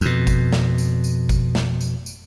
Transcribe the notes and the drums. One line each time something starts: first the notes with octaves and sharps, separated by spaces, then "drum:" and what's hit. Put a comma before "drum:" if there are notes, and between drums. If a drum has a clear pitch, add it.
F2 B2, drum: tambourine
drum: kick G1, tambourine
drum: snare
drum: tambourine
drum: tambourine
drum: kick G1, tambourine
drum: snare
drum: tambourine
drum: tambourine